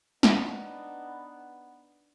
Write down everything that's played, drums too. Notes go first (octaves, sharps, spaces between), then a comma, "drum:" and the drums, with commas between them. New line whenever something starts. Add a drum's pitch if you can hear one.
B3 D4 D#4, drum: snare